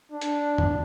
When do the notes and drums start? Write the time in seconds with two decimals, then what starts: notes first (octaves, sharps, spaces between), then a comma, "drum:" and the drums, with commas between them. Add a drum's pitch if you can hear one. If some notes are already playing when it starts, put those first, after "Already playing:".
0.12 D4
0.21 drum: hi-hat
0.58 drum: tom F2